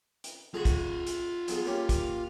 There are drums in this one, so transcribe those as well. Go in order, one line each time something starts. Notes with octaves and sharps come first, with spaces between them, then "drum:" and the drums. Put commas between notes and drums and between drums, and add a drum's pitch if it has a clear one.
drum: hi-hat
F4 G#4 F#5
drum: kick, hi-hat
drum: hi-hat
F#3 B3 G#4, drum: hi-hat
A#3 C#4 G4
drum: kick, hi-hat